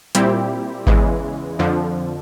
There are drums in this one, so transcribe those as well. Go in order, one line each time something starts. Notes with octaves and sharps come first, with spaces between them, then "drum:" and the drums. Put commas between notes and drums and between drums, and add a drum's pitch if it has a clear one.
A#2 G3 C4 E4 G4, drum: hi-hat
E2 C#3 E3 G#3, drum: kick G#1
F2 D3 F3